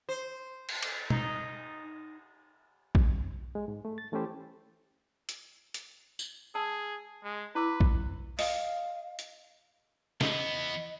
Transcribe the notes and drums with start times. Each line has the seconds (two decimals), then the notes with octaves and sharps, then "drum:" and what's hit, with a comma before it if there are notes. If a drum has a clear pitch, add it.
0.09 C5
0.69 drum: cymbal
0.82 drum: cymbal
1.10 D#4, drum: tom
2.95 drum: kick A#1
3.55 G#3
3.68 G#2
3.85 A3
3.98 A6
4.12 E3 A3 C#4 E4 G4 C5
5.29 drum: hi-hat
5.74 drum: hi-hat
6.19 drum: tambourine
6.55 G#4 A5 E6
7.24 G#3
7.55 E4 B4 D6 E6
7.81 drum: kick A#1
8.39 D#5 F5, drum: open hi-hat
9.19 drum: hi-hat
10.21 E3 B3 D#5, drum: snare